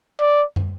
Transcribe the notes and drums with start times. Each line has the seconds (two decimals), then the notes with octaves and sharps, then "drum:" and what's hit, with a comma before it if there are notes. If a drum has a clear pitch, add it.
0.20 D5
0.56 drum: tom